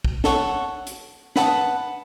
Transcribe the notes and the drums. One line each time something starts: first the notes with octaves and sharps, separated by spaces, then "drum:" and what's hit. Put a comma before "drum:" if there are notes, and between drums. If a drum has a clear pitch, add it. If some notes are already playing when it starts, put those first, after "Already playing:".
drum: kick
A4 C#5 F#5, drum: snare
drum: hi-hat
B4 F#5 A5 D#6, drum: snare